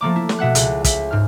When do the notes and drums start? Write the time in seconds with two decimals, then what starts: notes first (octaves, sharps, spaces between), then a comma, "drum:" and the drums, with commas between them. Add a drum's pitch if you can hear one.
0.01 F3 A3 A#3 D6
0.16 E4
0.29 drum: snare
0.39 B2 E5 F#5 F#6
0.55 C#2, drum: hi-hat
0.84 E5, drum: kick, hi-hat
1.11 G#2 F6